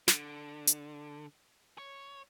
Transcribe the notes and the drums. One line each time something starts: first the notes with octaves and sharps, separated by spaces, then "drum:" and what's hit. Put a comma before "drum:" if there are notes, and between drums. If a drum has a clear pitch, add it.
D3, drum: snare
drum: hi-hat
C#5